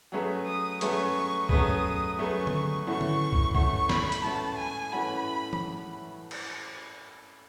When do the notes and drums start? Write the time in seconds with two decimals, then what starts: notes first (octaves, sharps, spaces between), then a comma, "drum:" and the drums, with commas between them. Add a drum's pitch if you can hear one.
0.12 F#3 A3 C#4 G#4 B4
0.47 D#6
0.81 F#3 A3 C#4 G#4 B4 C#6, drum: hi-hat
1.15 C#6
1.49 F#3 A3 C#4 G#4 B4 D#6, drum: kick
2.18 F#3 A3 C#4 G#4 B4 C#6
2.47 drum: tom D3
2.87 A2 E3 A3 C#4 F#4 C#6
3.01 drum: tom D3
3.33 drum: kick
3.55 A2 E3 A3 C#4 F#4 C#6, drum: kick
3.89 B5, drum: snare
4.12 drum: hi-hat
4.23 A2 E3 A3 C#4 F#4 A5
4.58 G#5
4.92 A2 E3 A3 C#4 F#4 B5
5.53 drum: tom E3
6.31 drum: cymbal